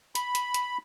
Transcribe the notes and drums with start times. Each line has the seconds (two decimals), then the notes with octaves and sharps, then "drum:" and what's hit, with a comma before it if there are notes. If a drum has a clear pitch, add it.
0.15 B5, drum: hi-hat
0.35 drum: hi-hat
0.54 drum: hi-hat